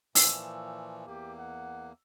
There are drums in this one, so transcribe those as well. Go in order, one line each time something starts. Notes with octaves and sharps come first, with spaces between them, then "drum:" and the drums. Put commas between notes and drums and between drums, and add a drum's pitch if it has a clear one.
A#2 E3 F3 E6, drum: open hi-hat
E2 A#3 G4
F#5